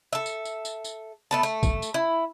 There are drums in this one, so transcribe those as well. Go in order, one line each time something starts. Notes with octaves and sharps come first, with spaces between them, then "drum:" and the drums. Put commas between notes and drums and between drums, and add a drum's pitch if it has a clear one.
A4 E5
drum: tambourine
drum: tambourine
drum: tambourine
drum: tambourine
A3 B3 A5
A3, drum: tambourine
drum: kick, tambourine
drum: tambourine
E4